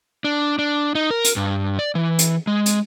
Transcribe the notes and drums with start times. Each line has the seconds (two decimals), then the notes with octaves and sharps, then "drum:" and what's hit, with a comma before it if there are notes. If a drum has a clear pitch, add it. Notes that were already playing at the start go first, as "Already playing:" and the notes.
0.24 D4
0.59 D4
0.95 D#4
1.11 A#4
1.25 drum: hi-hat
1.36 G2
1.79 D5
1.95 E3
2.19 drum: hi-hat
2.47 G#3
2.66 drum: hi-hat